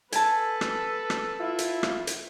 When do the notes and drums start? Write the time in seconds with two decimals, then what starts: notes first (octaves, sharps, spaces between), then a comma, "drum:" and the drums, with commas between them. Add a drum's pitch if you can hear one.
0.12 A4 B4 G#5 A5, drum: hi-hat
0.61 drum: rim click
1.10 drum: rim click
1.40 E4 F4
1.59 drum: hi-hat
1.83 drum: rim click
2.07 drum: hi-hat